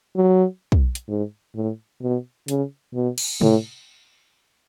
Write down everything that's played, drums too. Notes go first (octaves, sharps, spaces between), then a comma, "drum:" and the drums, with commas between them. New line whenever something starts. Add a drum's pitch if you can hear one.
F#3
drum: kick
drum: hi-hat
G#2
A2
B2
C#3, drum: hi-hat
B2
drum: cymbal
A2, drum: tom C3